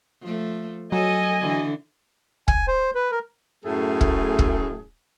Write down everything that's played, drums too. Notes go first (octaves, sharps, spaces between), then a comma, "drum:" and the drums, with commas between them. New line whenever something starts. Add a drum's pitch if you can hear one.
F3 A3
F#3 A4 D#5 G#5
D3 E3 D4
G#5, drum: kick
C5
B4
A#4
F#2 A2 A3 G#4
drum: kick
drum: kick